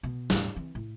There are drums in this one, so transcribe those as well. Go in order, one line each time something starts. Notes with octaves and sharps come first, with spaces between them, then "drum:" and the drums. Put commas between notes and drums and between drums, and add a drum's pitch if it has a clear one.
B2
E1 A2, drum: snare
E3 C4
A2